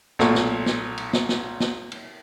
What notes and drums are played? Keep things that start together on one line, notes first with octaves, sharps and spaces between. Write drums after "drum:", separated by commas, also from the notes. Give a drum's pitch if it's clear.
B1 A#2 A3, drum: snare
drum: snare
drum: snare
drum: cymbal
drum: snare
drum: snare
drum: snare
drum: cymbal